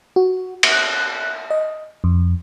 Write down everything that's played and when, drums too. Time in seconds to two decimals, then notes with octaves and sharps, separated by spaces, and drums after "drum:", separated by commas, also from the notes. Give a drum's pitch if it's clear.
0.16 F#4
0.63 drum: cymbal
0.72 F#6
1.50 D#5
2.04 F2